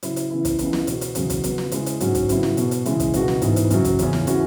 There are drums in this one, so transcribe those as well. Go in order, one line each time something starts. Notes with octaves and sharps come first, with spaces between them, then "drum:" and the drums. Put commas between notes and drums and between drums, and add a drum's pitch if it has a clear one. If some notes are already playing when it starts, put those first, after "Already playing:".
C#3 F#3 E4, drum: hi-hat
drum: hi-hat
C#3 E3 B3 E4
drum: kick, hi-hat
C#2 C#3 E3 B3 E4, drum: hi-hat
drum: snare
B2 B3 F#4, drum: hi-hat
drum: hi-hat
E2 C#3 F#3, drum: hi-hat
drum: kick, hi-hat
C#3 F#3 B3, drum: hi-hat
drum: snare
C#3 G#3 E4, drum: hi-hat
drum: hi-hat
G#2 F#3 C#4 F#4, drum: hi-hat
drum: kick, hi-hat
C#3 F#3 B3 E4, drum: hi-hat
drum: snare
B2 B3 F#4, drum: hi-hat
drum: hi-hat
C#3 E3 G#3 E4, drum: hi-hat
drum: kick, hi-hat
C#2 B2 B3 F#4, drum: hi-hat
drum: snare
G#2 E3 B3, drum: hi-hat
drum: hi-hat
F#2 C#3 F#3, drum: hi-hat
drum: kick, hi-hat
E2 C#3 E3 C#4, drum: hi-hat
drum: snare
E3 C#4 F#4, drum: hi-hat